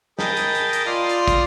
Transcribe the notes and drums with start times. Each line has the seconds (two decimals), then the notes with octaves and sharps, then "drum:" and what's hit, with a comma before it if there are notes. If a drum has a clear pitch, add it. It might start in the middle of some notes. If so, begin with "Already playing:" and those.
0.19 G#4 A#4 D#5 G5 A5 B5, drum: snare
0.37 drum: hi-hat
0.55 drum: hi-hat
0.73 drum: hi-hat
0.86 F4 D5 C6 D#6 F6
1.09 drum: hi-hat
1.28 drum: kick, hi-hat